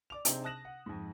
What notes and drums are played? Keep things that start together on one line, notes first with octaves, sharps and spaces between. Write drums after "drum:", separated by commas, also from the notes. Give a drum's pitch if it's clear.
D5 D6 F7
C3 C4 D4 D#4 G#4 C5, drum: hi-hat
A5 D#6 F#6 A#6 E7 F#7
F#5
F2 G#2